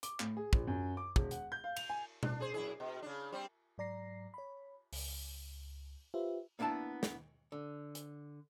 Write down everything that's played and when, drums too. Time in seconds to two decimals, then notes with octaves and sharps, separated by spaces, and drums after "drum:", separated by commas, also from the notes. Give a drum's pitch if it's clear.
0.03 D6, drum: hi-hat
0.20 A2, drum: clap
0.37 G#4
0.53 A#1, drum: kick
0.67 F#2
0.97 D6
1.16 E1, drum: kick
1.31 F#5, drum: hi-hat
1.52 G6
1.64 F5
1.76 F7, drum: cymbal
1.90 G#5
2.23 D4, drum: tom B2
2.40 G#4 C5
2.54 F#2 E4 G#4
2.80 B2
3.02 C#3 D4
3.32 G3 C4
3.78 G#2 F#3 D5 A#5 A#6 C7
4.34 C#5 B5
4.93 C#2, drum: open hi-hat
6.14 F4 G4 B4 C5 E5
6.59 A#3 B3 D4 E4 A5
7.03 drum: snare
7.52 D3
7.95 drum: hi-hat